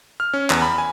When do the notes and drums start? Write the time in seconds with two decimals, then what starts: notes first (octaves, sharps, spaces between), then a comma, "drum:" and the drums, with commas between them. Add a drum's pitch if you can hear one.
0.20 F6
0.34 C#4
0.50 E2, drum: clap
0.62 B5
0.78 G#5